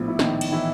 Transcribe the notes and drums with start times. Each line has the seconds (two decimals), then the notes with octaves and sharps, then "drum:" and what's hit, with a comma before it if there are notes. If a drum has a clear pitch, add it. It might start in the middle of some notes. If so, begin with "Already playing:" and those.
Already playing: A#1 A2 F3 B3
0.08 E4
0.19 D#3 D#4, drum: snare
0.41 drum: cymbal
0.52 E3 E4